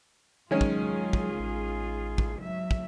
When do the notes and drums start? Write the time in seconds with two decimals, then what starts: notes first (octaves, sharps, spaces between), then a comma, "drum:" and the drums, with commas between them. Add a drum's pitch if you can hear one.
0.51 D#3 F#3 G#3 C#4 F4 G#4
0.61 drum: kick
1.13 drum: kick
1.40 A1
2.18 drum: kick
2.40 F#3 E5
2.71 drum: kick